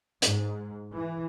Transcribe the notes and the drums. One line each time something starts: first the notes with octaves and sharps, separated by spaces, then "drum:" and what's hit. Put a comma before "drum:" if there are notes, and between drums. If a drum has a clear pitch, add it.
G#2, drum: hi-hat
E3